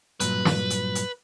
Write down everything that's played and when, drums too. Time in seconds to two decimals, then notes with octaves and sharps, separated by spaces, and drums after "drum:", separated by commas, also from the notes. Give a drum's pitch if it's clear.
0.20 G2 A#2 F#3 B4, drum: hi-hat
0.45 drum: snare
0.70 drum: hi-hat
0.95 drum: hi-hat